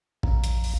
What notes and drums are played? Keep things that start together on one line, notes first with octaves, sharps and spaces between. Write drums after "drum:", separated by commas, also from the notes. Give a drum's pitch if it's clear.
A#1, drum: kick
drum: hi-hat
drum: open hi-hat